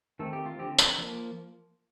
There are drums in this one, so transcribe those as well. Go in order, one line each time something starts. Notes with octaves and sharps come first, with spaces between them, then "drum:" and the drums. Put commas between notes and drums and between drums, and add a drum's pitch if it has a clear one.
D#3 A3 C4 A4
G4
F4
D3 F3 C4 G4
A4, drum: tambourine
F3 A#3